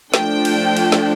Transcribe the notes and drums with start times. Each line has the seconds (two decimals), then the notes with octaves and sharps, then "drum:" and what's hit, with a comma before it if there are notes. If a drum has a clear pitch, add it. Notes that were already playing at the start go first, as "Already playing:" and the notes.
0.14 F3 A3 D4 G5, drum: snare
0.45 drum: cymbal
0.77 drum: cymbal
0.92 drum: snare